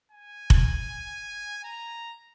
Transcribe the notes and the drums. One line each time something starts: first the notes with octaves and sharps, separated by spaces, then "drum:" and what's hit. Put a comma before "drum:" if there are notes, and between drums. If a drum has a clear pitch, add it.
G#5
drum: kick F1
A#5